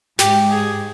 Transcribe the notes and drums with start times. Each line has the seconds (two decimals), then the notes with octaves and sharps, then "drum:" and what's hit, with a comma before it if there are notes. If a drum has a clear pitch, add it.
0.19 G#2 G4, drum: snare
0.51 G#4